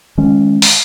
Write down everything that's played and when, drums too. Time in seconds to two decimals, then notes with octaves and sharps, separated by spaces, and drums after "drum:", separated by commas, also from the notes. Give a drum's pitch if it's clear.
0.18 D#3 G#3 C#4
0.62 drum: open hi-hat